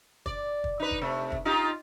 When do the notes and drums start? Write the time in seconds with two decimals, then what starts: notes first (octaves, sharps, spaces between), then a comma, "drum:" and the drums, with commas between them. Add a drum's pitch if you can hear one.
0.26 D5, drum: kick
0.64 drum: kick
0.80 D#4 B4
0.91 drum: kick
1.01 C3 A3
1.32 drum: kick
1.45 D#4 F4 G4